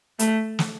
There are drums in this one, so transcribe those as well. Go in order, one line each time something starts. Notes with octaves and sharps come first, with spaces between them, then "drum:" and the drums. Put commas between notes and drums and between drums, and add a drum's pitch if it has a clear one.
A3, drum: hi-hat
drum: snare